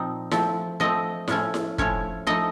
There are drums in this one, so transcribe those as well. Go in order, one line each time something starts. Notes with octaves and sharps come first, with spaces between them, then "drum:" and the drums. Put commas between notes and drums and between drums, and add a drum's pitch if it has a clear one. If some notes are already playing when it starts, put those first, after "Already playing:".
Already playing: A#2 F3 C4 D#4
F3 A3 C4, drum: snare E4
F3 A3 C4 D#5
A2 F3 A3 C#4, drum: snare E4
drum: snare E4
A2 F3 A3 C#4 C#5, drum: kick
F3 A3 D#4 D#5